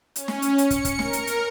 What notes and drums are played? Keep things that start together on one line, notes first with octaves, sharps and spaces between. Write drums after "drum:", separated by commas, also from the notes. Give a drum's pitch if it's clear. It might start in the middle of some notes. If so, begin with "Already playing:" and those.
C#4, drum: hi-hat
drum: snare
drum: hi-hat
C#7, drum: hi-hat
drum: kick, hi-hat
drum: kick, hi-hat
A#4, drum: snare
drum: hi-hat
drum: hi-hat